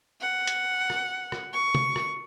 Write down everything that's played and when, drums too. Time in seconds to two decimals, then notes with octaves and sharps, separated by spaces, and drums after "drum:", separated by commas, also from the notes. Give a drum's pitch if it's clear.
0.21 F#5
0.47 drum: hi-hat
0.90 drum: rim click
1.32 drum: rim click
1.53 C#6
1.75 drum: tom
1.96 drum: rim click